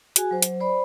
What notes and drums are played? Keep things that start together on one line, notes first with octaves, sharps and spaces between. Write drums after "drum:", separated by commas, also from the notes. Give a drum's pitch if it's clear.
F#4 G#4 G#5, drum: hi-hat
F#3 C5
drum: hi-hat
C5 D5 B5